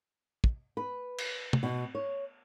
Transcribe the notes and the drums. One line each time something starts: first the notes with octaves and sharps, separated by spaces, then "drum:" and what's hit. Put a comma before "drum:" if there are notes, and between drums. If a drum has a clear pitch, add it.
drum: kick
B4
drum: cymbal
drum: tom
B2
C#5